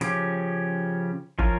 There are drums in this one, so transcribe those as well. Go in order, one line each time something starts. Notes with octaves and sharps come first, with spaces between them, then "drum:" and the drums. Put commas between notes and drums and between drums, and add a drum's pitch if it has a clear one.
C#3 F3 C#4 G4, drum: hi-hat
F3 C#4 F4 A#4, drum: kick